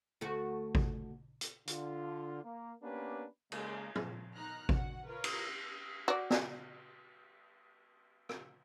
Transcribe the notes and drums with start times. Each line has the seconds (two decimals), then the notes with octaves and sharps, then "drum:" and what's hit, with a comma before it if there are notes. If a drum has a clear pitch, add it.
0.21 D2 A3 F#4
0.75 drum: kick G#1
1.41 drum: hi-hat
1.67 D3 F4, drum: hi-hat
2.44 A#3
2.82 A#3 B3 C#4 D4 G4 B4
3.52 C#3 G#3 A#3, drum: cymbal
3.95 drum: tom
4.36 B2 D#3 D#4 A#5 F6 F#6
4.69 F#4 F#5, drum: kick G#1
5.06 F4 A#4 B4 C#5
5.24 drum: cymbal
6.08 F#4 D5
6.30 drum: snare
8.29 drum: rim click